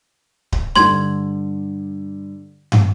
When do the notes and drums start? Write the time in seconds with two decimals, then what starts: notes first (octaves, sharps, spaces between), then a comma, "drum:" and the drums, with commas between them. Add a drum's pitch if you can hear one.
0.52 drum: kick D1
0.76 G2 D3 C6 G#6, drum: snare
2.72 drum: tom